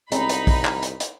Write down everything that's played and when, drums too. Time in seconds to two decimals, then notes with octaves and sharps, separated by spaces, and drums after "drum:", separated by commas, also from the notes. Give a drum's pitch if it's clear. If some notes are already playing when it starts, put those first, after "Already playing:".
0.12 C2 G#3 C4 C#4 D#4 A#5 B5, drum: hi-hat
0.29 drum: hi-hat
0.47 drum: kick, open hi-hat
0.65 drum: clap
0.83 drum: hi-hat
1.00 drum: hi-hat